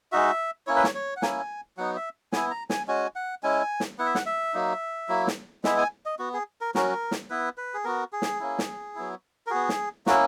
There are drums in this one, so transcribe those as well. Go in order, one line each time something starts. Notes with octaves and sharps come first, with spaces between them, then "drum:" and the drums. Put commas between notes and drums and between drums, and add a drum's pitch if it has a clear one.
G#3 D#4 F#4 E5
A#3 C#4 E4 C#5
B4
C#5, drum: snare
C#5
F#5
A#3 C#4 E4 G#5, drum: snare
F#3 B3 D#4 F#5
E5
B3 E4 G#5, drum: snare
A#5
G#5, drum: snare
G#3 C#4 F#4 G#5
F#5
G#3 C#4 E4 G#5
drum: snare
B3 E4 F#5
E5
F#5, drum: snare
E5
F#3 A#3 D#4
F#3 A#3 E4
drum: snare
G#3 B3 E4 E5, drum: snare
G#5
D#5
B3 F#4
G#4
A#4
F#3 C#4 F#4 A#4, drum: snare
drum: snare
B3 E4 B4
B4
G#4
B3 F#4 A#4
G#4
drum: snare
A#3 C#4 E4
drum: snare
F#3 B3 E4
A#4
B3 F#4 G#4
drum: snare
A#3 C#4 E4 F#4, drum: snare